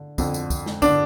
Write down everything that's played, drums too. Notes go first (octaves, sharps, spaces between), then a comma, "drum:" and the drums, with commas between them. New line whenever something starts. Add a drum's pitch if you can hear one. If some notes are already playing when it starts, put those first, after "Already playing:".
Already playing: D3
F2 D3, drum: kick, tambourine
drum: tambourine
drum: kick, tambourine
drum: snare
D3 D4, drum: kick, tambourine